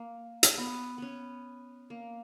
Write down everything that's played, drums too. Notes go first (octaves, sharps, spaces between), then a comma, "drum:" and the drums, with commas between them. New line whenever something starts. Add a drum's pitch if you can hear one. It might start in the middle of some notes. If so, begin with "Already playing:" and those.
Already playing: A#3
drum: hi-hat
B3
B3 C#4
A#3